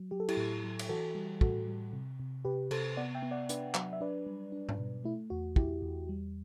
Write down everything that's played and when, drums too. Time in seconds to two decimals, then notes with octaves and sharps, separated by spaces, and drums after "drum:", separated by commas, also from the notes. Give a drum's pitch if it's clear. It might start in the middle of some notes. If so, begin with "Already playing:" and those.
Already playing: F#3
0.11 F#3 G4
0.20 A4
0.28 E4 G4, drum: cymbal
0.37 A2
0.64 F#3
0.79 drum: cymbal
0.89 E3 F#4 A4
1.15 G3
1.41 A2 F#4 A4, drum: kick
1.67 G3
1.93 C3
2.20 C3
2.45 C3 G4 B4
2.71 C3 A4 C5, drum: cymbal
2.97 B3 D5 F#5
3.15 E5 G5
3.23 B3
3.31 D5 F#5
3.49 D4 B4 D5, drum: hi-hat
3.74 F#3, drum: clap
3.93 E5
4.01 D4 B4 D5
4.26 G3
4.52 D4
4.69 drum: tom G#2
4.79 B2
5.04 A3 E4
5.30 E2 F#4
5.56 E2 E4 G4, drum: kick
5.82 E2
6.09 G3